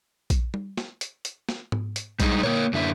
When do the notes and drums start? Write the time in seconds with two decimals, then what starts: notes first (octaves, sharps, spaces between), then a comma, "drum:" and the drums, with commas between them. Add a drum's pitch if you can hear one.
0.30 drum: kick A#1, hi-hat
0.54 drum: tom G3
0.77 drum: snare
1.01 drum: hi-hat
1.25 drum: hi-hat
1.49 drum: snare
1.72 drum: tom G#2
1.96 drum: hi-hat
2.20 G3 G#3 D#4 G#4, drum: kick A#1, hi-hat
2.43 A#3 A#4 C#5, drum: tom A#2
2.73 F#2 D3 E4